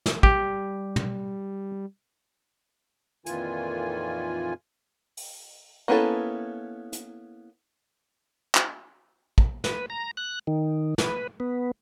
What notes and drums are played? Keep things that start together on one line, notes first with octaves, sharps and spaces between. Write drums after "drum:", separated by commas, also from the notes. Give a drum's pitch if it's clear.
drum: snare
G3 G4, drum: kick
drum: tom
F2 A#2 D#3 E3 F4 G#5, drum: hi-hat
drum: open hi-hat
A#3 B3 C#4 E4 A4
drum: hi-hat
drum: clap
drum: kick
B4, drum: snare
A#5
F#6
D#3
B4, drum: snare
B3